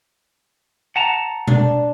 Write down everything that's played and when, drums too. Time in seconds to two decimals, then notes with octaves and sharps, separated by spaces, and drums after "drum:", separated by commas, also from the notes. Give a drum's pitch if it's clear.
0.96 F#5 A5 A#5
1.48 D4, drum: tom B2